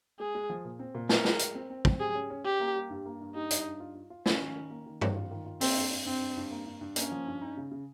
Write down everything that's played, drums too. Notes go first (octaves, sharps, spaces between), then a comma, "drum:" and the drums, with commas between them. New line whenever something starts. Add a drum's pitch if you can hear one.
G#3 G#4
G#3
F3
A#2
C4
A#2
C4 A#4, drum: snare
G#3, drum: snare
G#3, drum: hi-hat
C4
C4
C4, drum: kick
G3 G#4
C#4
C#4
C#4 G4
A#3
G3
G2
A#3
G2
G3 D#4
G2, drum: hi-hat
G2
F4
F4
F4
C#4 F4, drum: snare
D#3
D#3
A#3
D#3
D#3, drum: tom G2
F4
D#3
F4
A#3 C4, drum: open hi-hat
G2
G2
G2 C4
G2
G2
A#3
G2
G2
A#3 C#4, drum: hi-hat
F3
G2
D#4
C#3
C#3